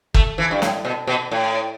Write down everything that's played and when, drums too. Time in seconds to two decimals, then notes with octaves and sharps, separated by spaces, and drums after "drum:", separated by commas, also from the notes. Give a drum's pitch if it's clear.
0.14 A3, drum: kick
0.38 E3
0.51 G2
0.62 A2, drum: snare
0.85 B2
1.07 B2
1.31 A2